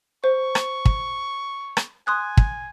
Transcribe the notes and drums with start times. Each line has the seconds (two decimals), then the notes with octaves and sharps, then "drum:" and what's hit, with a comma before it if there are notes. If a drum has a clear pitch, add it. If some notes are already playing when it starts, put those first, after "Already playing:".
0.24 C5 C#6
0.55 drum: rim click
0.85 drum: kick
1.77 drum: rim click
2.07 G#5 C6 D#6 F#6
2.37 drum: kick